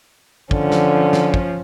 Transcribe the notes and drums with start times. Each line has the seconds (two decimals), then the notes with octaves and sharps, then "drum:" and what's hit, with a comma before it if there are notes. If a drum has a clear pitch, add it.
0.51 D3 F3 C#4, drum: kick
0.72 drum: snare
1.13 drum: snare
1.34 drum: kick